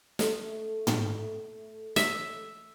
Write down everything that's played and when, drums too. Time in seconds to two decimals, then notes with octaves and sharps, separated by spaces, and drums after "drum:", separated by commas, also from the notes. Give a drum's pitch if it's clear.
0.19 A3, drum: snare
0.87 drum: tom
1.96 E5, drum: snare